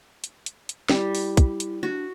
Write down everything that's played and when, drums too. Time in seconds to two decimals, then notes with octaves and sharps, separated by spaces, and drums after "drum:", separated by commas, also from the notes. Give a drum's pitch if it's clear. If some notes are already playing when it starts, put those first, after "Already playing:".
0.24 drum: hi-hat
0.46 drum: hi-hat
0.69 drum: hi-hat
0.89 G3 E4, drum: snare
1.15 drum: open hi-hat
1.37 drum: kick, hi-hat
1.60 drum: hi-hat
1.83 D4 F#4